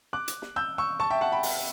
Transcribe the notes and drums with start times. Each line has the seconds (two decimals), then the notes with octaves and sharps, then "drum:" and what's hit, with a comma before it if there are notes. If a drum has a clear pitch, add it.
0.13 D6 F#6
0.28 drum: hi-hat
0.42 drum: snare
0.56 E6 G6
0.78 C#6 E6
1.00 A5 C#6
1.10 E5 G5
1.21 F#5 A5
1.32 G5 B5
1.43 drum: open hi-hat